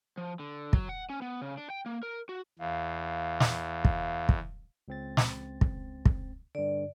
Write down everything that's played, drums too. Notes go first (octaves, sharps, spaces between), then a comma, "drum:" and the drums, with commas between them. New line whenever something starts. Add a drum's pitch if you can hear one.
F3
D3
F#3, drum: kick
F#5
C#4
B3
C#3
D4
G5
A#3
A#4
F#4
E2 F5
drum: snare
drum: kick
drum: kick
C#2 C4 A6
drum: snare
drum: kick
drum: kick
G2 D3 D5